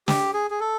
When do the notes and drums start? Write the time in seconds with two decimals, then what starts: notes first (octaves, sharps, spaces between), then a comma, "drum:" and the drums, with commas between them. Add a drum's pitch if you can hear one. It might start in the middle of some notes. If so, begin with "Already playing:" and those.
0.08 G4, drum: snare
0.34 G#4
0.51 G#4
0.60 A4